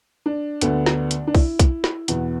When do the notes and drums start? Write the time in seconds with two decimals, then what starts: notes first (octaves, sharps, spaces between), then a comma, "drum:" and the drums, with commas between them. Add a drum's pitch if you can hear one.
0.26 D4
0.61 D2 D3 B3, drum: hi-hat
0.86 drum: snare
1.11 drum: hi-hat
1.27 D4
1.35 E4, drum: kick B1, open hi-hat
1.59 drum: kick B1, hi-hat
1.84 drum: snare
2.08 E2 B2 B3, drum: hi-hat